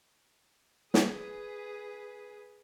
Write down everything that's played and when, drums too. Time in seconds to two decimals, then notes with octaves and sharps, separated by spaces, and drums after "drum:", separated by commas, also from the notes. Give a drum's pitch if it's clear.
0.94 G#4 B4, drum: snare